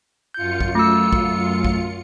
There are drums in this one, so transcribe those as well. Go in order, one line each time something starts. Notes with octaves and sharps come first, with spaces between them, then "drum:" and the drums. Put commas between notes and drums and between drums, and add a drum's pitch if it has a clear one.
F#2 F4 G6 C#7
drum: kick
A3 E6
drum: kick
drum: kick